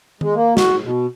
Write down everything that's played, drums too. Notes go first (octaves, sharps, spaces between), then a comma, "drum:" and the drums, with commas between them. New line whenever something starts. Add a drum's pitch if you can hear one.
G#3, drum: tom D#3
A#3
F#4, drum: snare
B2